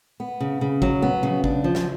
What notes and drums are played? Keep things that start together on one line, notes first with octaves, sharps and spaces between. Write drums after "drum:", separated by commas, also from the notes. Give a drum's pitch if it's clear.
B3
C#3
C#3
F#3, drum: kick
B3
C#3
D4, drum: kick
F3
drum: snare